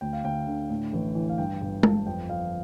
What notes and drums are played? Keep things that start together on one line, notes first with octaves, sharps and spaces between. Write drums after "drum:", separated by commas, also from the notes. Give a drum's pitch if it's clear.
D2 G5
F5
D2 G5
D3
A2
A1
E3
F5
G2 G5
G1
G1 A5, drum: tom G#3
F2 G5
F2 F5